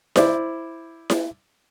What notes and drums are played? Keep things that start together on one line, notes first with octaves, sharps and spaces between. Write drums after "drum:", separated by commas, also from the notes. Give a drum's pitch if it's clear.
E4 C5 D5, drum: snare E4
drum: snare E4